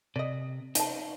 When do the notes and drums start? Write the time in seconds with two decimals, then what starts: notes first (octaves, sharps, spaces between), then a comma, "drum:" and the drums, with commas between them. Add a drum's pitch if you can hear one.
0.16 C3 D5 D#5
0.75 F3 D#4 A5, drum: hi-hat